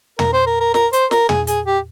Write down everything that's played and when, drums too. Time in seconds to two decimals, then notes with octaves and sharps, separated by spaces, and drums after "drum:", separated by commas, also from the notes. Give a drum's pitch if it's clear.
0.19 A#4, drum: tom
0.33 C5
0.47 A#4
0.60 A#4
0.74 A#4, drum: snare
0.93 C5, drum: hi-hat
1.11 A#4, drum: snare
1.29 G#4, drum: tom
1.47 G#4, drum: hi-hat
1.66 G4